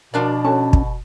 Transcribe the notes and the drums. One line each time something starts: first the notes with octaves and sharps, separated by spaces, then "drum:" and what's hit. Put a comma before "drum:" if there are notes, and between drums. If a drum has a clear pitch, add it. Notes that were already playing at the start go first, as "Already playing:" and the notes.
B2 F3 D4 F#4 A#4 D5
C#4 F#4 A4 A5
drum: kick